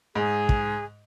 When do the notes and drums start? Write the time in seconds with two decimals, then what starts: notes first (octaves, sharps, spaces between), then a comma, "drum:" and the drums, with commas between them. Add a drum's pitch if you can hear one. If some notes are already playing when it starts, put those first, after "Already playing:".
0.15 G#2 G#4
0.49 drum: kick